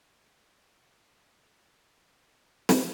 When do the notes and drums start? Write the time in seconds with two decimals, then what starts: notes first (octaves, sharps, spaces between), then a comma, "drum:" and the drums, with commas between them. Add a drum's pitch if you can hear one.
0.23 B3 D4 D#4 G4 G#4
2.69 drum: snare